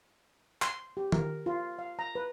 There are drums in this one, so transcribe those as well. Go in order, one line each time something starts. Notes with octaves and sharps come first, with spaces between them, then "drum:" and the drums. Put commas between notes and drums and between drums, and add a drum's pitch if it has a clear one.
C6, drum: clap
G4
A#4, drum: tom D#3
F4
F5
A#5
B4